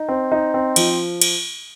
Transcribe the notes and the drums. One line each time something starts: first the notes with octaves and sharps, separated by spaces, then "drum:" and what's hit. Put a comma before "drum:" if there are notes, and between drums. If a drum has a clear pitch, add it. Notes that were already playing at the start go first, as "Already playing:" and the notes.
Already playing: D#4
C4
D#4
C4
F3, drum: cymbal
drum: cymbal